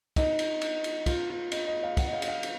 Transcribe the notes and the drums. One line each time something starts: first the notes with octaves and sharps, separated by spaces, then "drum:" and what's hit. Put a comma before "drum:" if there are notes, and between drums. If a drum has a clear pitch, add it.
D#4, drum: kick, cymbal
drum: cymbal
drum: cymbal
drum: cymbal
F4, drum: kick, cymbal
F4
D#5, drum: cymbal
D#5
F5
F#5, drum: kick, cymbal
D#5
F5
D#5, drum: cymbal
F5
drum: cymbal